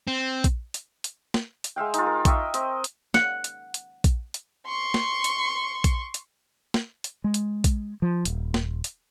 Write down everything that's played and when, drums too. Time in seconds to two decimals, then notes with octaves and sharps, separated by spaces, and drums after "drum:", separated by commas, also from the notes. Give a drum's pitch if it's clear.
0.08 C4
0.44 drum: kick A#1, hi-hat
0.74 drum: hi-hat
1.04 drum: hi-hat
1.34 drum: snare
1.64 drum: hi-hat
1.76 G#3 E5 F5 G5
1.94 D#4 F4, drum: hi-hat
2.06 A#4
2.25 D#5 E5 G5 C#6, drum: kick A#1, hi-hat
2.54 C4 D#5, drum: hi-hat
2.84 drum: hi-hat
3.14 F#5, drum: snare
3.44 drum: hi-hat
3.74 drum: hi-hat
4.04 drum: kick A#1, hi-hat
4.34 drum: hi-hat
4.67 C6 C#6
4.94 drum: snare
5.24 drum: hi-hat
5.84 drum: kick A#1, hi-hat
6.14 drum: hi-hat
6.74 drum: snare
7.04 drum: hi-hat
7.24 G#3
7.34 drum: hi-hat
7.64 drum: kick A#1, hi-hat
8.02 F3
8.25 D#1, drum: hi-hat
8.54 drum: snare
8.84 drum: hi-hat